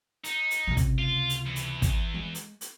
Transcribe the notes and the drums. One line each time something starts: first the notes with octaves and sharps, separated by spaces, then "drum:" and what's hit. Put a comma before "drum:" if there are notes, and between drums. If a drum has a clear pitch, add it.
D#4, drum: hi-hat
drum: hi-hat
C#2 C3
drum: kick, hi-hat
F4
drum: hi-hat
E2
drum: hi-hat
drum: kick, hi-hat
G#3
drum: hi-hat
drum: hi-hat